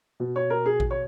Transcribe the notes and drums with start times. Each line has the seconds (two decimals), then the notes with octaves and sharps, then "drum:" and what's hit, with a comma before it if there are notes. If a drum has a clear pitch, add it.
0.20 B2
0.36 C#5
0.50 A#4
0.66 G#4
0.80 drum: kick A1
0.91 C#5